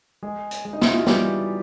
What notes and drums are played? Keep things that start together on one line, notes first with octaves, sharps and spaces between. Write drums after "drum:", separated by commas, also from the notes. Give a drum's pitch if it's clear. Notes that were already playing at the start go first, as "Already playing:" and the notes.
G#3 G#4
drum: hi-hat
G#3
D#4
E4, drum: snare
F4
F#4
E3 G3 G4, drum: snare